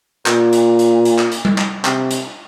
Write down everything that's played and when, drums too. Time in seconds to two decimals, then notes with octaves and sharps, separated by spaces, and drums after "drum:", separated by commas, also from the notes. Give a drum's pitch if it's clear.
0.26 A#2, drum: clap
0.53 drum: hi-hat
0.79 drum: hi-hat
1.05 drum: hi-hat
1.19 drum: clap
1.32 drum: hi-hat
1.45 drum: tom G3
1.58 drum: clap
1.85 C3, drum: clap
2.11 drum: hi-hat